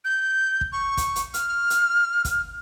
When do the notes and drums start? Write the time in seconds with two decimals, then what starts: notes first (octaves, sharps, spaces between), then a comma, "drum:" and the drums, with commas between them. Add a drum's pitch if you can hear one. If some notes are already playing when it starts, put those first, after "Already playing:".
0.05 G6
0.61 drum: kick
0.72 C#6
0.97 drum: kick, hi-hat
1.16 drum: hi-hat
1.34 F6, drum: hi-hat
1.70 drum: hi-hat
2.25 drum: kick, hi-hat